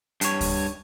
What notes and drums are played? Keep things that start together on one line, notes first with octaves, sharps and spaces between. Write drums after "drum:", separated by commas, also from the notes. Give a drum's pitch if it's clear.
G2 C#5, drum: hi-hat
drum: kick D2, open hi-hat